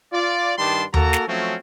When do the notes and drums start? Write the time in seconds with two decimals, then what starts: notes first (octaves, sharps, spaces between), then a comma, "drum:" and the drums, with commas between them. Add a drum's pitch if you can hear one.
0.12 F4 D5
0.58 G2 D#3 G3 D4 A5 C6
0.94 A#3 F#4 A4 A#4 A#5, drum: tom D#2
1.13 drum: snare
1.28 F3 F#3 A3 C4 C#4